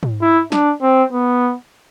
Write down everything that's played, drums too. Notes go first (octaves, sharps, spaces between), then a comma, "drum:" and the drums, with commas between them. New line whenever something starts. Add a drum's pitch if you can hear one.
drum: tom G#2
E4
D4, drum: snare
C4
B3